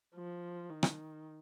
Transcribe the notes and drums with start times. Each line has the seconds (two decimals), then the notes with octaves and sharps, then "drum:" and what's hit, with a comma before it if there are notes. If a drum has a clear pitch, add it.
0.15 F3
0.70 D#3
0.83 drum: rim click